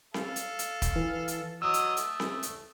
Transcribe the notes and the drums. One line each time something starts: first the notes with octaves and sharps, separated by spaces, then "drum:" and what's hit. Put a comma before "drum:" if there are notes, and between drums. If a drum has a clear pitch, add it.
A4 F5, drum: snare C4
drum: hi-hat
drum: hi-hat
drum: kick, hi-hat
E3
drum: hi-hat
F#3 B3 D#5 D#6 E6
drum: hi-hat
A3, drum: hi-hat
drum: snare C4
drum: hi-hat